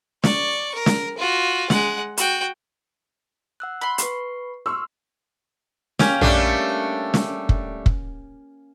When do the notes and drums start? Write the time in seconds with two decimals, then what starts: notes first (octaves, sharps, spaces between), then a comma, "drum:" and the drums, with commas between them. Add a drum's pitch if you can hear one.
0.24 D5 C#6, drum: snare
0.75 A#4
0.86 drum: snare
1.18 F4 F#4
1.70 G#3 F#5, drum: snare
2.17 F#4 G5, drum: hi-hat
3.60 F#5 E6 F#6
3.81 B5 C6
3.98 B4 C#6 C7, drum: hi-hat
4.66 C6 C#6 E6 F6
5.99 A#3 C#4 G4, drum: snare
6.21 G3 A3 D4, drum: tom A#1
7.14 drum: snare
7.49 drum: kick
7.86 drum: kick